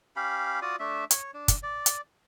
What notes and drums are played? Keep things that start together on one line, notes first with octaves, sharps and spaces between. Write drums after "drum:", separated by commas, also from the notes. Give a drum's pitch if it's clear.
C#4 G4 F5 B5
F4 F#4 D5 D#6
A3 D4 E5
C#5, drum: hi-hat
D4
drum: kick, hi-hat
D5
drum: hi-hat